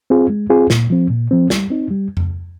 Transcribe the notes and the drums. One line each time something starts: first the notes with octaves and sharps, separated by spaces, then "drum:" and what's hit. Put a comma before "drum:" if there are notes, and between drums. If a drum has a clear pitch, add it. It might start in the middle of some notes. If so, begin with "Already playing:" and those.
C4 F4 G#4
G#3
C4 F4 G#4
A#2, drum: snare
F3 C4
A#2
F3 C4
G3, drum: snare
C4 D#4
G3
drum: tom F2